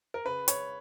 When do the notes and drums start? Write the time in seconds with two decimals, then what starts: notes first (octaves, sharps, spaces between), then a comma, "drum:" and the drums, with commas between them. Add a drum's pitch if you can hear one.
0.14 A#4
0.25 C#3 B4
0.48 C#5, drum: hi-hat